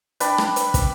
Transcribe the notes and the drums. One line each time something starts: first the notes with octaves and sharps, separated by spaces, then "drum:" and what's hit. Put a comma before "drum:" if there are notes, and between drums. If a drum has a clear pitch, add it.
D4 B4 D5 G5, drum: hi-hat
drum: rim click
drum: hi-hat
drum: kick, hi-hat